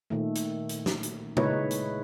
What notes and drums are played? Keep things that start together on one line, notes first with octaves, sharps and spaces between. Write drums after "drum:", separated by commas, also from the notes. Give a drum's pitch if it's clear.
A#2 D#3 A3
drum: hi-hat
drum: hi-hat
drum: snare
drum: hi-hat
A#2 G#3 D#4 E4 B4 C#5, drum: tom C#3
drum: hi-hat